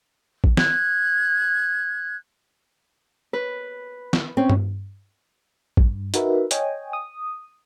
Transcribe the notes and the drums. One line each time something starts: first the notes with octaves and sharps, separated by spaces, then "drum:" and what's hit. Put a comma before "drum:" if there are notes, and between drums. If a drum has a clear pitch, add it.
drum: kick A1
F#6 G#6, drum: snare
B4
drum: snare
C4 C#4
drum: tom G2
G2, drum: kick A1
D#4 F#4 A#4 B4 E5, drum: hi-hat
C#5 D#5 G5 G#5, drum: hi-hat
D#6